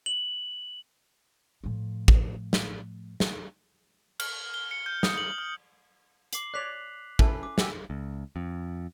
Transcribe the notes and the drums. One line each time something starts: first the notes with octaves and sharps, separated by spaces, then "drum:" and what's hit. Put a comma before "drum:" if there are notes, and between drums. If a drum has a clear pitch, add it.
F#7
A2 F3
drum: kick
drum: snare
drum: snare
F6, drum: cymbal
G7
C#7
G6
D#6, drum: snare
F#7
F6
D6 C7 F#7, drum: hi-hat
C#5 D5 F#6 B6 F7
C#4 E4 A4 G#5, drum: kick
D6
F#4 G4 G#5 E6, drum: snare
C#2
F2